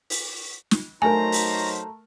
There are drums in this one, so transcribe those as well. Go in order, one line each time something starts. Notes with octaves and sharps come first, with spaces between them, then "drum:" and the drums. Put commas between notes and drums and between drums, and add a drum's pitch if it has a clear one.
drum: open hi-hat
drum: snare
F#3 A3 D#4 A#4 C5 G#5 A#5
drum: open hi-hat